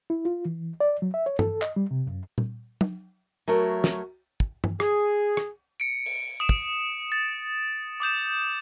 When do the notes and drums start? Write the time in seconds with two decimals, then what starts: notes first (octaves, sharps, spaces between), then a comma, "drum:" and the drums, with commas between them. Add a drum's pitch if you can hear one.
0.10 E4
0.25 F4
0.45 E3
0.80 D5
1.02 F#3
1.14 E5
1.26 C#5
1.39 A4, drum: tom
1.62 D#5, drum: clap
1.76 G3
1.91 C3
2.07 F#2
2.38 drum: tom
2.81 drum: tom F#3
3.48 F#3 A3 A#4 C#5
3.84 drum: snare
4.40 drum: kick
4.64 drum: tom
4.80 G#4, drum: rim click
5.37 drum: rim click
5.80 C#7 D7
6.06 drum: open hi-hat
6.40 D#6 E7
6.49 drum: kick
7.12 A6
8.00 D6 D#6 G6 E7